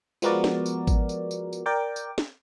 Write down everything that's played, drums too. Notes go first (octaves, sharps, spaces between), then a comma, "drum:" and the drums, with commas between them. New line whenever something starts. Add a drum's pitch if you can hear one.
F3 G#3 B3 F#4 A#4 D5, drum: tambourine
drum: snare
drum: tambourine
drum: kick G#1, tambourine
drum: tambourine
drum: tambourine
drum: tambourine
A#4 D5 G5 D6
drum: tambourine
drum: snare